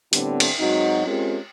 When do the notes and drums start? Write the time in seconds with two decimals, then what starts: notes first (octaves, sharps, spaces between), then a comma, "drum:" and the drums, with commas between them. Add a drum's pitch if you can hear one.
0.13 A2 D3 G3 B3 C4, drum: hi-hat
0.40 drum: cymbal
0.60 G#2 F#3 C4 D#4 F#4
1.07 G#3 C4 C#4 F4 G4 A#4